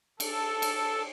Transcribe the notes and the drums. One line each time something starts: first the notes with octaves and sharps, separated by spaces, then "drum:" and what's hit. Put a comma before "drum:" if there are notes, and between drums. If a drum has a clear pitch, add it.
A4, drum: cymbal
drum: cymbal